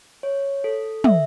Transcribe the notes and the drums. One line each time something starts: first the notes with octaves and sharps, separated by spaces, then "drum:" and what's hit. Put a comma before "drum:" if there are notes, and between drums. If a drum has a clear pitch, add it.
C#5
A4
E5, drum: tom